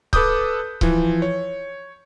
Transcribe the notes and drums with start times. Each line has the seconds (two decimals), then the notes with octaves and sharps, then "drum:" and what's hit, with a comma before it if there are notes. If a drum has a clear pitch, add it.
0.13 A4 B4 D6 D#6 G6, drum: kick C#1
0.81 E3 F3, drum: kick C#1
1.22 C#5